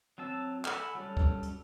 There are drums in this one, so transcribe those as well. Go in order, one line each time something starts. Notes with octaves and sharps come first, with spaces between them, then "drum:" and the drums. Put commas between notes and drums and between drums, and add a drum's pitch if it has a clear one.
F#3 C4 A5 E6
A4 F#5 G#5 B5 E6, drum: clap
F#3 G3 C#4 A4
drum: kick
drum: hi-hat